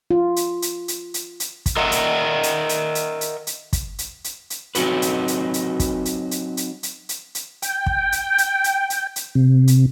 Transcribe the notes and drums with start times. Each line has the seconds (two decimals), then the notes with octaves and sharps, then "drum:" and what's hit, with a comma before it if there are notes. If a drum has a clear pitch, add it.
0.11 F4
0.36 drum: hi-hat
0.62 drum: hi-hat
0.88 drum: hi-hat
1.14 drum: hi-hat
1.40 drum: hi-hat
1.66 drum: kick, hi-hat
1.77 A#4 D#5 E5 F#5
1.92 drum: hi-hat
2.43 drum: hi-hat
2.69 drum: hi-hat
2.95 drum: hi-hat
3.21 drum: hi-hat
3.47 drum: hi-hat
3.73 drum: kick, hi-hat
3.98 drum: hi-hat
4.24 drum: hi-hat
4.50 drum: hi-hat
4.75 F#3 C4 D#4 F#4 B4, drum: hi-hat
5.02 drum: hi-hat
5.28 drum: hi-hat
5.54 drum: hi-hat
5.80 drum: kick, hi-hat
6.05 drum: hi-hat
6.31 drum: hi-hat
6.57 drum: hi-hat
6.83 drum: hi-hat
7.09 drum: hi-hat
7.35 drum: hi-hat
7.62 G5, drum: hi-hat
7.86 drum: kick
8.12 drum: hi-hat
8.38 drum: hi-hat
8.64 drum: hi-hat
8.90 drum: hi-hat
9.16 drum: hi-hat
9.35 C3
9.67 drum: hi-hat